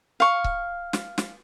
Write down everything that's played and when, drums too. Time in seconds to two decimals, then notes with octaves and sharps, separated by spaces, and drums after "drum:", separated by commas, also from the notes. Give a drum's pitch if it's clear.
0.20 F5 C#6
0.44 drum: kick C#1
0.93 drum: snare
1.18 drum: snare